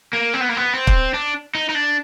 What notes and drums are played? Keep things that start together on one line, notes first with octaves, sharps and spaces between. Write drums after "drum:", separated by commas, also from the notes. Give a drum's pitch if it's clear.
A#3
C4
B3
A#3
B3
C4
drum: kick
D4
D#4
D#4
D4